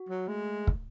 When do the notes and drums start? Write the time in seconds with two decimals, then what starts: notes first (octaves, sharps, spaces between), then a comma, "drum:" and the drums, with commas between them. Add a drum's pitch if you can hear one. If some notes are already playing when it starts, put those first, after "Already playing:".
Already playing: F#4
0.09 F#3
0.28 G#3 A3
0.67 drum: kick